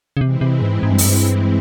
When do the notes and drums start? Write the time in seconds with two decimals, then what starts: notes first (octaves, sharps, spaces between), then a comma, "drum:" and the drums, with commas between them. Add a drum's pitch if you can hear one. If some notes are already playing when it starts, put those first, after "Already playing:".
0.17 C#3
0.21 C3 E3 G#3 C4 E4
0.41 C3
0.62 G#2
0.83 G#2
0.91 G2
0.98 F#2, drum: open hi-hat
1.06 G2